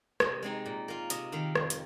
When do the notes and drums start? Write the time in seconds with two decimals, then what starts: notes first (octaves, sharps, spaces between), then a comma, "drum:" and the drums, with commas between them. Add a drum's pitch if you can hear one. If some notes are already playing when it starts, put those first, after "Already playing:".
0.20 C3 D#5, drum: rim click
0.43 G#3 C4 D#4
0.66 A#2
0.88 A#3 F4
1.10 C3 D#5, drum: hi-hat
1.32 D#3 C4 F5
1.55 F2, drum: rim click
1.70 drum: hi-hat